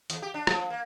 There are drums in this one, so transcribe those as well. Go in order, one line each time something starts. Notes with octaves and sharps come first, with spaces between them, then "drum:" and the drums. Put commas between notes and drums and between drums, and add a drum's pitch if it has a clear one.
E2, drum: hi-hat
G4
D4
F3, drum: rim click
A#3